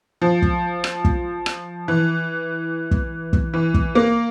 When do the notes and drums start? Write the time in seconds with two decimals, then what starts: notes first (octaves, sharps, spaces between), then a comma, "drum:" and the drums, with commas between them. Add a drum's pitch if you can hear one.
0.22 F3
0.42 drum: kick
0.84 drum: rim click
1.05 drum: kick
1.46 drum: rim click
1.88 E3
2.91 drum: kick
3.33 drum: kick
3.54 E3
3.74 drum: kick
3.95 A#3